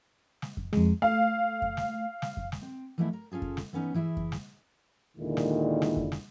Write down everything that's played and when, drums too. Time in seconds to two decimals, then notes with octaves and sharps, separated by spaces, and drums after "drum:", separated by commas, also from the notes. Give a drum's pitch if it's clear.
0.42 drum: snare
0.57 drum: kick F2
0.73 F2 G#3, drum: snare
1.02 A3 F5
1.62 drum: kick F2
1.77 drum: snare
2.22 drum: snare
2.37 drum: kick F2
2.52 drum: snare
2.62 C4
2.98 E3 F3 G#3 A3 B3 E4
3.13 A#4
3.32 C#4 F4 G#4 A4
3.42 drum: kick F2
3.57 drum: snare
3.73 E3 B3 C#4 D#4
3.94 E3 E4 G#4 E5
4.17 drum: kick F2
4.32 drum: snare
5.18 D#2 A#2 D3 D#3 G#3 E4
5.37 drum: snare
5.82 drum: snare
5.97 drum: kick F2
6.12 drum: snare